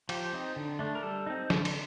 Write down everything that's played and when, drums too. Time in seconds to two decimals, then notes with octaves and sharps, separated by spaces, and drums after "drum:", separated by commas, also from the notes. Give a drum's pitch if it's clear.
0.09 F3 G4, drum: cymbal
0.33 C4 D#4
0.56 D3
0.79 A3 D4
0.95 A#4
1.03 G3 A4
1.27 C4 D#4
1.50 D3, drum: snare
1.65 drum: cymbal